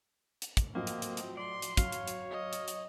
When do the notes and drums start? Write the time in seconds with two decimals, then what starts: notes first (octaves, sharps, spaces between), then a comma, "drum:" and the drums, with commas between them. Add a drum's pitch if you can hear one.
0.42 drum: hi-hat
0.57 drum: kick, hi-hat
0.75 A2 F3 F#3 A#3 C4 D#5
0.87 drum: hi-hat
1.02 drum: hi-hat
1.17 drum: hi-hat
1.37 D5 C6
1.62 drum: hi-hat
1.77 F#3 C#5 F5, drum: kick, hi-hat
1.92 drum: hi-hat
2.08 drum: hi-hat
2.31 D#5
2.53 drum: hi-hat
2.68 drum: hi-hat